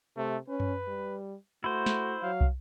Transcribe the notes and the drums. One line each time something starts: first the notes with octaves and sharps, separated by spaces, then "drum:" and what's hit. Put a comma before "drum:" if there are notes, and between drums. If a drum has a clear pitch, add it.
C3 A3
C#4 B4
drum: tom F#2
G3
A3 E4 F#4 C5
drum: snare
F#3 F5
drum: kick